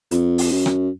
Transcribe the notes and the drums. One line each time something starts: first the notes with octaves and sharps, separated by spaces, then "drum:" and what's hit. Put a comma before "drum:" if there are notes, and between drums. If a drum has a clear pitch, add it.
F2, drum: hi-hat
drum: open hi-hat
F#2
drum: rim click